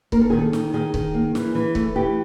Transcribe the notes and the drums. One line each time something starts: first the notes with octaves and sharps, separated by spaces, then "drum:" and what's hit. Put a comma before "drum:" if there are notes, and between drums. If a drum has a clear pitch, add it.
A#3 A#4, drum: kick C#1
A4
D#3 G#4
A4
D#3, drum: snare
D#3 G#4
D#3, drum: kick C#1
A#3
E3, drum: snare
E3
A3, drum: kick C#1
E3 G4